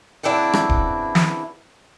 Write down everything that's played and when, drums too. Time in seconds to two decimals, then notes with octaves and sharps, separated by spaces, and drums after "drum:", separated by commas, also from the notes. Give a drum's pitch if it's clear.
0.23 C#3 E3 C4 D4 E4 F#4
0.53 drum: rim click
0.69 drum: kick D1
1.15 drum: snare